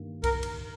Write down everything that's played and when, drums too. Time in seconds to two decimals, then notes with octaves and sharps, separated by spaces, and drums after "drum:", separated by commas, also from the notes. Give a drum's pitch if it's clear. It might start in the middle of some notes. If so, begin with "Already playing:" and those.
Already playing: G2 D#3 A#3
0.24 A#4, drum: kick C2, cymbal
0.43 drum: cymbal